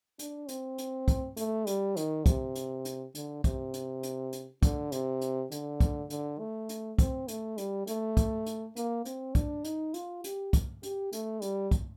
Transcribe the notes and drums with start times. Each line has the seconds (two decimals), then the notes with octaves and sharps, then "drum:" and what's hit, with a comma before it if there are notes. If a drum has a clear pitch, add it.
0.19 D4, drum: hi-hat
0.49 C4, drum: hi-hat
0.78 drum: hi-hat
1.08 drum: kick, hi-hat
1.37 A3, drum: hi-hat
1.67 G3, drum: hi-hat
1.97 D#3, drum: hi-hat
2.26 C3, drum: kick, hi-hat
2.55 drum: hi-hat
2.85 drum: hi-hat
3.15 D3, drum: hi-hat
3.44 C3, drum: kick, hi-hat
3.74 drum: hi-hat
4.03 drum: hi-hat
4.33 drum: hi-hat
4.63 D3, drum: kick, hi-hat
4.92 C3, drum: hi-hat
5.21 drum: hi-hat
5.52 D3, drum: hi-hat
5.80 drum: kick, hi-hat
6.10 D3, drum: hi-hat
6.39 A3
6.69 drum: hi-hat
6.99 C4, drum: kick, hi-hat
7.28 A3, drum: hi-hat
7.58 G3, drum: hi-hat
7.87 A3, drum: hi-hat
8.17 drum: kick, hi-hat
8.46 drum: hi-hat
8.76 A#3, drum: hi-hat
9.05 C4, drum: hi-hat
9.35 D4, drum: kick, hi-hat
9.64 D#4, drum: hi-hat
9.94 F4, drum: hi-hat
10.24 G4, drum: hi-hat
10.53 drum: kick, hi-hat
10.83 G4, drum: hi-hat
11.13 A3, drum: hi-hat
11.42 G3, drum: hi-hat
11.71 drum: kick, hi-hat